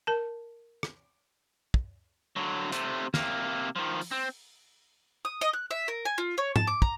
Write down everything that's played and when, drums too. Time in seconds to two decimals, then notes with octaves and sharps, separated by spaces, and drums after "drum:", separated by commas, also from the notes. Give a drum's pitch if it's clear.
0.07 A#4 A5
0.83 drum: rim click
1.74 drum: kick
2.36 D3 F#3
2.72 C3 A3, drum: hi-hat
3.14 C3 A#3, drum: snare
3.76 D#3 F3
4.01 drum: open hi-hat
4.11 C4
5.25 D#6
5.41 D#5
5.53 F#6
5.71 E5
5.88 A#4
6.05 G#5
6.18 F4
6.38 C#5
6.56 A5, drum: tom
6.67 D6
6.82 A#5, drum: kick